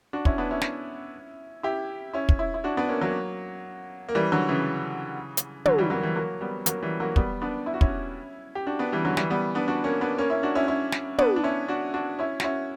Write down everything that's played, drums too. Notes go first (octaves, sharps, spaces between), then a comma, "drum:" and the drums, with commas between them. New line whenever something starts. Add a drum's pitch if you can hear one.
D4 F#4
C#4 E4, drum: kick
B3 D4
C#4 E4
drum: snare
E4 G4
C#4 E4
drum: kick
C#4 E4
E4
D4 F#4
B3 D4
A#3 C#4
F#3 A#3
A#3
E3 G3
D3 F#3
C#3 E3
drum: hi-hat
D3 F#3, drum: tom
E3 G3
F#3 A#3
E3 G3
F#3 A#3
G3 B3
F#3 A#3, drum: hi-hat
E3 G3
F#3 A#3
G3 B3, drum: kick
B3 D4
E4
F#4
C#4 E4, drum: kick
G4
D4 F#4
B3 D4
E3 G3
D3 F#3
E3 G3, drum: snare
G3 B3
B3 D4
D4 F#4
A#3 C#4
B3 D4
A#3 C#4
C#4 E4
D4 F#4
C#4 E4
C#4 E4
drum: snare
B3 D4, drum: tom
D4
C#4 E4
D4 F#4
D4 F#4
C#4 E4
F#4, drum: snare
C#4 E4